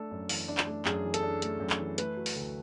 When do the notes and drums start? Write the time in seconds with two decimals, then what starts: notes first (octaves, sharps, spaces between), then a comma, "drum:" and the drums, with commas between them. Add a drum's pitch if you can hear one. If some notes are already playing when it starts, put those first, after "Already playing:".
Already playing: A3 D4 A4
0.11 F#2
0.29 E3, drum: open hi-hat
0.48 D4
0.58 drum: clap
0.67 A3
0.85 F#2 G#4, drum: clap
1.04 E3
1.14 A4, drum: hi-hat
1.23 D4
1.42 A3, drum: hi-hat
1.60 F#2
1.70 drum: clap
1.79 E3
1.98 A3 B4, drum: hi-hat
2.16 F#3
2.26 drum: open hi-hat
2.35 D2